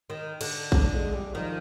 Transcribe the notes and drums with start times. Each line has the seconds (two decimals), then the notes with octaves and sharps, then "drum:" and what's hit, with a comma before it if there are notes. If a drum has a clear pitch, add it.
0.10 D#3
0.41 D3, drum: cymbal
0.72 D4, drum: kick
0.93 G#3
1.14 G3
1.34 D#3 F3